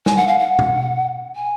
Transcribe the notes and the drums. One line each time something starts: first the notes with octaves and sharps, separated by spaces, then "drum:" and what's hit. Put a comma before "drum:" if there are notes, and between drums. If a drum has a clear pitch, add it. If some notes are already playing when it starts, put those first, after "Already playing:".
G#5, drum: snare
F#5
F5
F#5
drum: tom B2
G#5